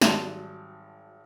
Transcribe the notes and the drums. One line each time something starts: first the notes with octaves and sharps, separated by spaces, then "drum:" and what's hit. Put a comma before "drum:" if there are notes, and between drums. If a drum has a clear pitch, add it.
G#1 F#3 G3 A5 C6 F#6, drum: snare